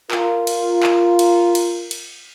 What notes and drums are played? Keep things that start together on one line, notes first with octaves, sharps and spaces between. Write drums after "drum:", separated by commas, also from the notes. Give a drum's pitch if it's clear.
F4 A#4, drum: clap
drum: cymbal
drum: clap
drum: cymbal
drum: cymbal
drum: cymbal